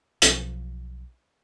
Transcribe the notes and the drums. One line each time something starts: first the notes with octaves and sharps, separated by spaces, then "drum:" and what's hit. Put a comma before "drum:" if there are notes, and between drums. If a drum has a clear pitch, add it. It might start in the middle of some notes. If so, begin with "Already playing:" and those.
B1 F3, drum: hi-hat